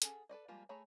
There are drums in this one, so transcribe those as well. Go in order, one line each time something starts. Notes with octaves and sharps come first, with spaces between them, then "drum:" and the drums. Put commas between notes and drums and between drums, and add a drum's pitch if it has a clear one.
C#4 G#4 A4 F#5, drum: hi-hat
A4 B4 D5 D#5
F3 G3 G#3 A#3 F4
A3 G#4 C#5 A#5 B5